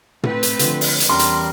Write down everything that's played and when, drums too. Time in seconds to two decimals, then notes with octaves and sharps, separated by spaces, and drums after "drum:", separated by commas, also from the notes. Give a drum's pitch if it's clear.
0.23 A3 C4 B4, drum: tom
0.43 drum: hi-hat
0.59 D3 F3, drum: hi-hat
0.81 drum: open hi-hat
1.00 drum: hi-hat
1.09 E2 G3 C#4 A#4 C6
1.19 drum: hi-hat